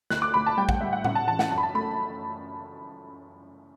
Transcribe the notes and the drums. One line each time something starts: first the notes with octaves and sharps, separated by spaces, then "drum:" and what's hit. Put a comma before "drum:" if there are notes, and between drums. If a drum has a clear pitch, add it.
D2 F#6, drum: snare
D6
D2 B5
A5
G3 G5
F#5, drum: kick
G3 E5
F#5
C#3 F#5, drum: tom A2
A5
E3 A5
F#5, drum: snare
F#2 A5
B5
A5
A3 B5